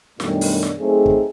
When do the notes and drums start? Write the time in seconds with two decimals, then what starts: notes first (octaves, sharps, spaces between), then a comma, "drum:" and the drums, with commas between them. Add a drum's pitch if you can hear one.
0.20 F#2 B2 D#3 G3 A3 D4, drum: snare
0.41 drum: open hi-hat
0.63 drum: snare
0.79 F#3 A3 C4 D#4 G#4
1.06 drum: kick